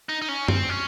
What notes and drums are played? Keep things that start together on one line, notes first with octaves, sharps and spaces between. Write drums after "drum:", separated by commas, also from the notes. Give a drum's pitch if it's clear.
D#4
D#4
C#4
C4, drum: tom F#2
C#4